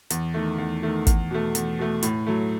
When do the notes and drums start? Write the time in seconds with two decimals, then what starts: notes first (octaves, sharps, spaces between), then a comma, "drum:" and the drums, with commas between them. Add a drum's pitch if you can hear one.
0.10 E2, drum: hi-hat
0.34 D#3 A3
0.58 E2
0.83 D#3 A3
1.07 E2, drum: kick, hi-hat
1.31 B2 A3
1.55 E2, drum: hi-hat
1.79 B2 A3
2.03 A2, drum: hi-hat
2.27 F#3 A3